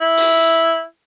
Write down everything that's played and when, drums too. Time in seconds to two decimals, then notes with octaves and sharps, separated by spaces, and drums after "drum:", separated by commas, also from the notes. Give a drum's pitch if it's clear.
0.01 E4
0.18 drum: open hi-hat